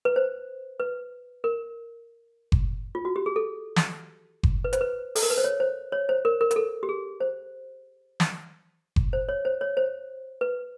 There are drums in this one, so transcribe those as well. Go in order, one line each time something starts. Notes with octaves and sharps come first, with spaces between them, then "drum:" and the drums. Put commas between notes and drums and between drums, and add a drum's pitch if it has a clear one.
B4
C5
B4
A#4
drum: kick F#1
F4
F#4
G4
G#4
A4
drum: snare
drum: kick F#1
B4
C5, drum: hi-hat
B4
A4, drum: open hi-hat
A#4
B4
C5
C#5
C5
C#5
C5
A#4
A#4
A#4, drum: hi-hat
A4
G4
G#4
C5
drum: snare
drum: kick F#1
C5
C#5
C5
C#5
C5
B4